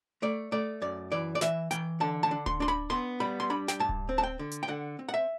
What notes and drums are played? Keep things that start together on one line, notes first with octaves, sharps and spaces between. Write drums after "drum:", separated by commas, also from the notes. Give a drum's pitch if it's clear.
A3 D5
A3 D5
F#2 D5
E3 D5
D5
E3 E5, drum: snare
E3 G5, drum: hi-hat
D3 A5
A5
D4
C6, drum: kick D1
D4 C6
B5
B3 C6
G3 B5
C6
D4 B5
G5, drum: snare
G2 A5
drum: kick D1
C4
A5
G5
D3
drum: hi-hat
G5
D3 F#5
C4
F#5
E5